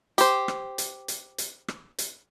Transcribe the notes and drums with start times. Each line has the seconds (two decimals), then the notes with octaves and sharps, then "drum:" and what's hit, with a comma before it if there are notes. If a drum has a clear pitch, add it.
0.18 G4 C5, drum: hi-hat
0.48 drum: rim click
0.78 drum: hi-hat
1.08 drum: hi-hat
1.38 drum: hi-hat
1.68 drum: rim click
1.98 drum: hi-hat